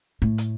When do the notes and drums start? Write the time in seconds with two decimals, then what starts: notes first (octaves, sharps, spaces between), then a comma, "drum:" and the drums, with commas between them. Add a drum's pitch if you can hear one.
0.22 A2
0.38 drum: hi-hat